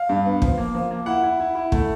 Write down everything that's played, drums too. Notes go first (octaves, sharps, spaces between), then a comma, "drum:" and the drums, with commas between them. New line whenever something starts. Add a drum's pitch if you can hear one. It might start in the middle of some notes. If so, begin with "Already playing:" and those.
Already playing: F5
G2
B3
F3, drum: kick
A#3
F3
A#3
E4 F#5
E4
E4
E4
A3, drum: kick